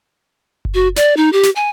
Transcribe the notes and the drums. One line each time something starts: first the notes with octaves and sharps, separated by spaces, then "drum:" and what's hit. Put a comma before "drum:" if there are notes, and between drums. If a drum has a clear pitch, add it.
drum: kick F#1
F#4
D5, drum: snare
D#4
G4
drum: snare
G#5